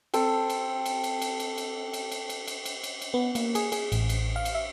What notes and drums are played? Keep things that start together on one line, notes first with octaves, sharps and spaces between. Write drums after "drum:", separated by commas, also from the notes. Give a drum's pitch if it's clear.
C4 A4 G5, drum: cymbal
drum: cymbal
drum: cymbal
drum: cymbal
drum: cymbal
drum: cymbal
drum: cymbal
drum: cymbal
drum: cymbal
drum: cymbal
drum: cymbal
drum: cymbal
drum: cymbal
drum: cymbal
B3
A#3, drum: cymbal
G#4, drum: cymbal
G#4, drum: cymbal
A1, drum: cymbal
drum: cymbal
F5
drum: cymbal
E5